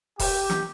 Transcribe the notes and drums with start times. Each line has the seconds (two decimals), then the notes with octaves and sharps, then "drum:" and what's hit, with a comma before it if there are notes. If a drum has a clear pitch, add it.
0.19 G4, drum: kick E1, open hi-hat
0.50 drum: snare